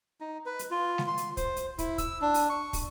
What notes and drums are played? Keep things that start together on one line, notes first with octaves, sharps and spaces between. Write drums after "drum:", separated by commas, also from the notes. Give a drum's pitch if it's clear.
D#4
B4
drum: hi-hat
F4
drum: snare G#3
C6
drum: hi-hat
C5, drum: kick, hi-hat
drum: hi-hat
E4, drum: kick, hi-hat
E6, drum: kick, hi-hat
D4
drum: open hi-hat
C#6
drum: kick, open hi-hat